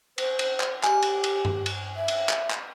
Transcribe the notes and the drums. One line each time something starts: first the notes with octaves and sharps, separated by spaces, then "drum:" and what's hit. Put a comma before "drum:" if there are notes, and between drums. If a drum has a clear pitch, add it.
C5, drum: cymbal
drum: cymbal
drum: clap
G4 G#5, drum: clap
drum: cymbal
drum: cymbal
drum: tom G2
drum: cymbal
E5
drum: cymbal
drum: clap
drum: clap